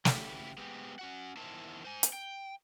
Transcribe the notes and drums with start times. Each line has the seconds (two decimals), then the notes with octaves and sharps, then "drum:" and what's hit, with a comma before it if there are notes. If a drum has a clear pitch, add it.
0.05 C#3 E3 E4 F#4 G4, drum: snare
0.58 G#3 B3 C4 G4
0.99 C#4 F#4 F#5
1.37 E2 D#3 E4 C5 A5
1.85 C5 G#5
2.03 drum: hi-hat
2.13 G5